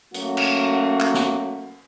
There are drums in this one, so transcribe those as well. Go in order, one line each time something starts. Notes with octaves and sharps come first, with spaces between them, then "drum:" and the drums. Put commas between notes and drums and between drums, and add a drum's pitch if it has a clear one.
F#3 A3 A#3 C#4 F#4, drum: hi-hat
drum: cymbal
drum: clap
drum: snare